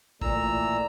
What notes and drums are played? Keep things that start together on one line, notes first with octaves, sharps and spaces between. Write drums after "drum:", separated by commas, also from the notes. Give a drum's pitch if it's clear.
A#2 E3 A3 D5 A#5 E6, drum: kick